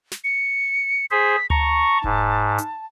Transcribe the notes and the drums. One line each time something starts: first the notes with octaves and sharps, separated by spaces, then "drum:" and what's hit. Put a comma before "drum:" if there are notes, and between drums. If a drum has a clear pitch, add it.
drum: snare
C#7
G#4 C5 B6
A5 A#5 C#6, drum: tom D2
G#2, drum: kick E1
drum: hi-hat